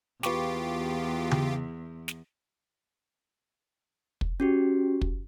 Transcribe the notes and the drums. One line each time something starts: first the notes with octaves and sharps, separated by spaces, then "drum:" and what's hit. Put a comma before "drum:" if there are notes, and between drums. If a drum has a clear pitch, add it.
E2 F4 G4 B4 C#6 D6, drum: snare
drum: tom C#3
drum: snare
drum: kick
C#4 F#4 G4
drum: kick